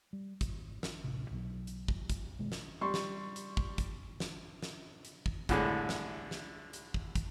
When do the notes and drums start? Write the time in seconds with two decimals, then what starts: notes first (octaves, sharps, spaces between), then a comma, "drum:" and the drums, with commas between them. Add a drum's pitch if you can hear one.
0.13 G3
0.41 G#1, drum: kick, hi-hat
0.83 drum: snare
1.04 D1 A1 C3
1.31 B1 B2 F#3
1.67 drum: hi-hat
1.88 drum: kick
2.10 drum: kick, hi-hat
2.39 B2 D#3 G#3
2.52 drum: snare
2.81 G3 C6 C#6
2.94 drum: snare
3.36 drum: hi-hat
3.57 drum: kick
3.78 drum: kick, hi-hat
4.20 drum: snare
4.62 drum: snare
5.05 drum: hi-hat
5.26 drum: kick
5.49 C2 A2 D3 G#3, drum: kick, hi-hat
5.89 drum: snare
6.31 drum: snare
6.73 drum: hi-hat
6.94 drum: kick
7.15 drum: kick, hi-hat